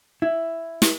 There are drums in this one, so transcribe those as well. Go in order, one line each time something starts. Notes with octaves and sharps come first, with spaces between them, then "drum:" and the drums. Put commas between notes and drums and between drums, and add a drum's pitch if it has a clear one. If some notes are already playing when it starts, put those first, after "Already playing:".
E4
drum: snare